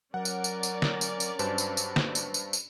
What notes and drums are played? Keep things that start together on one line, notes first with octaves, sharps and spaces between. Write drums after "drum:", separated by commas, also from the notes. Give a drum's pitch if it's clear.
F#3 C#4 A#4 D5 F#5
drum: tambourine
drum: tambourine
drum: tambourine
drum: snare
drum: tambourine
drum: tambourine
G2 F#3 D4 B4 C5 A5, drum: tambourine
drum: tambourine
drum: tambourine
drum: snare
drum: tambourine
drum: tambourine
drum: tambourine